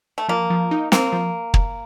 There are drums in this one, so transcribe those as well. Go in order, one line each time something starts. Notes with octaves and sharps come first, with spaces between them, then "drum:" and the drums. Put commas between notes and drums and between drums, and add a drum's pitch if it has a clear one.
A3
F3 A#3
F3
D#4
A#3 C4, drum: snare
F3
drum: kick